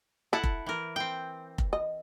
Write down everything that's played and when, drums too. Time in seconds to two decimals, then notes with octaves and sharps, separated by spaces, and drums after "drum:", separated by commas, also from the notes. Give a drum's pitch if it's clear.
0.33 E4 A4 F#5 A5
0.44 drum: kick F1
0.66 E3 A#4
0.96 C4 G5
1.58 drum: kick F1
1.73 D#5